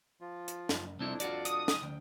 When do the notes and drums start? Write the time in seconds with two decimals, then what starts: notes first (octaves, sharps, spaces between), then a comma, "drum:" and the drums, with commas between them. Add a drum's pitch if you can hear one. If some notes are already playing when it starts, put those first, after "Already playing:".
0.21 F3 F4
0.48 drum: hi-hat
0.69 F#2, drum: snare
0.99 C2 F2 C4 D4 E4
1.20 F4 F#4 D5, drum: hi-hat
1.45 D#6, drum: hi-hat
1.68 drum: snare
1.82 D2 G5